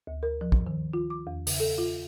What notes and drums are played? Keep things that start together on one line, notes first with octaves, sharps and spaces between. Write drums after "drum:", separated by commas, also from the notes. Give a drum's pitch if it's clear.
D2
A#4
F3
drum: kick
D#3
F4
D6
E2
C#3, drum: open hi-hat
A4
F4